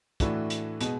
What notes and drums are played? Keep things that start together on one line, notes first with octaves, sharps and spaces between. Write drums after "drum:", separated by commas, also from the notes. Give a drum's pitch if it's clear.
A2 E3 A3 D4 F#4, drum: kick, hi-hat
drum: hi-hat
B2 G#3, drum: hi-hat